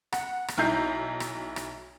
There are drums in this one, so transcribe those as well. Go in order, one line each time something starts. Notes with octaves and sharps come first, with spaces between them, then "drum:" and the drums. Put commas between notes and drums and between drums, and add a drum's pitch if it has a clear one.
F#5, drum: rim click
drum: rim click
B1 D#4 E4 A#5 G6 C7
drum: rim click
drum: rim click